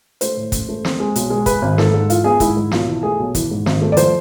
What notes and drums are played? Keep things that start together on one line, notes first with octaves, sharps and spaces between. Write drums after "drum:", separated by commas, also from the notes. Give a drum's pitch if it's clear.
A3 C5, drum: hi-hat
A2
A1, drum: kick, hi-hat
A3
C4, drum: snare
G#3
B1, drum: hi-hat
G#3
G#3 B4, drum: kick, hi-hat
G#1
G#2 A4, drum: snare
G#2
E3 F4, drum: hi-hat
B3 G#4
G#2 E4, drum: kick, hi-hat
G#2
B1 F4, drum: snare
E3
A3 G#4
B1
E3, drum: kick, hi-hat
G#2
G#1, drum: snare
A3
D5
F3 C5, drum: hi-hat